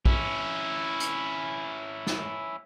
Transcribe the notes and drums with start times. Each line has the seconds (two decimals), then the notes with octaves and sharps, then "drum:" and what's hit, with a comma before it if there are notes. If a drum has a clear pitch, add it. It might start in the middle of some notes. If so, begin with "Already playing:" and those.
0.06 C#4 E4, drum: kick
1.00 drum: hi-hat
2.07 drum: snare